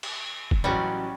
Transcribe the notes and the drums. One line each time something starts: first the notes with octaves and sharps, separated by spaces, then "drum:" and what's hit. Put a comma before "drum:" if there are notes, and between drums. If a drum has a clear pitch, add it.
drum: cymbal
drum: kick
A1 F#3 G3 C#4 F#4